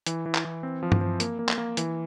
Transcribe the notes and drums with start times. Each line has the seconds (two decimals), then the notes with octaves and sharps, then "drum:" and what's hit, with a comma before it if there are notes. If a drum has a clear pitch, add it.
0.06 E3, drum: hi-hat
0.26 E3
0.35 drum: clap
0.45 E3
0.63 C4
0.83 F3
0.92 drum: tom G2
1.01 F3
1.20 A#3, drum: hi-hat
1.39 A#3
1.49 drum: clap
1.58 A#3
1.77 E3, drum: hi-hat